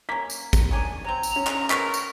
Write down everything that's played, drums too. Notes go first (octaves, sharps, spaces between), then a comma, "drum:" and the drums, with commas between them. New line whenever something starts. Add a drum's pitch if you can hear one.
A#3 C#4 B6
drum: tambourine
drum: kick G#1, tambourine
D#3 C#4 D4 G#5
F#3 C4 A#5
drum: tambourine
C#4
drum: clap
G#3 B3 A#4 C5 C#6 B6, drum: clap
drum: tambourine